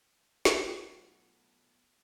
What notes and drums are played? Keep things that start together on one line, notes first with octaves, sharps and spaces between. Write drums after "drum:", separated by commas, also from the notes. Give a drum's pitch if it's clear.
drum: snare
B1 F#3 A3 B3 F4 G#6